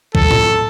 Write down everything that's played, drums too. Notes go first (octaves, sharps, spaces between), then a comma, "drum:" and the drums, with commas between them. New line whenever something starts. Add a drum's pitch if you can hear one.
A4, drum: kick
drum: tom A2